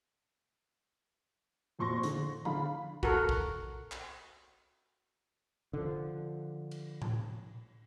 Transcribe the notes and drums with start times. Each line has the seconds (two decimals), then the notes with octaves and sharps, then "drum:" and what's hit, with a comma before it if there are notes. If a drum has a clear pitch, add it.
1.79 F2 A#2 C6 C#6 A#6
2.03 D3, drum: hi-hat
2.45 D3 F5 B5, drum: tom F3
3.03 F#4 A4 A#4, drum: kick
3.29 drum: kick
3.92 drum: clap
5.73 D3 F3
6.71 drum: cymbal
7.02 drum: tom A2